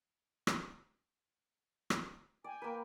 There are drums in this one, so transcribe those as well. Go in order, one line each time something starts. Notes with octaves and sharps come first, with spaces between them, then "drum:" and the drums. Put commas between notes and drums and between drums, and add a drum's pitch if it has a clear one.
drum: rim click
drum: rim click
D5 G5 G#5
A#3 B4